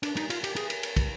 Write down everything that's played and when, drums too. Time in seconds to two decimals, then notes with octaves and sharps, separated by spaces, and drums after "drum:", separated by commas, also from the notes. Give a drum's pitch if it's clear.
0.03 D4, drum: cymbal
0.17 D#4, drum: cymbal
0.30 F4, drum: cymbal
0.44 G4, drum: cymbal
0.56 G#4, drum: cymbal
0.70 drum: cymbal
0.83 drum: cymbal
0.96 drum: kick, cymbal